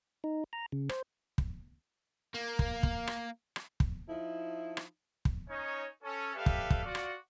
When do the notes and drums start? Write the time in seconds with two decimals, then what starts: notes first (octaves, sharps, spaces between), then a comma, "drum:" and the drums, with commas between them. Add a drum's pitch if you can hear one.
0.24 D#4
0.53 A#5
0.72 C#3
0.89 C5, drum: rim click
1.38 drum: kick
2.34 A#3
2.59 drum: kick
2.83 drum: kick
3.07 drum: rim click
3.56 drum: rim click
3.80 drum: kick
4.09 F3 D#4 E4
4.77 drum: rim click
5.25 drum: kick
5.49 C#4 D#4 C#5
6.04 C#4 A4
6.35 G3 G4 A4 B4 E5 F5
6.46 drum: kick
6.70 drum: kick
6.85 F4 F#4 D5
6.95 drum: rim click